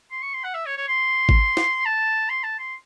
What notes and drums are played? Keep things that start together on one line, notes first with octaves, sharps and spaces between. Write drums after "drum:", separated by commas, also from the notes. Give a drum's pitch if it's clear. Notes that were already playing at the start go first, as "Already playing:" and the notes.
C6
C#6
C6
F#5
E5
C#5
C#5
C6
drum: kick G#1
drum: snare
A5
C6
A5
C6